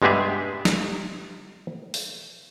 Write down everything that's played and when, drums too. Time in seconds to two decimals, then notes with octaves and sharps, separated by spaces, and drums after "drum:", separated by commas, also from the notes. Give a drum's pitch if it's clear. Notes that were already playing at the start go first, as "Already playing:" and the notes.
0.02 G2 G#3 B3 G4 G#4 E5
0.65 drum: snare
1.94 drum: open hi-hat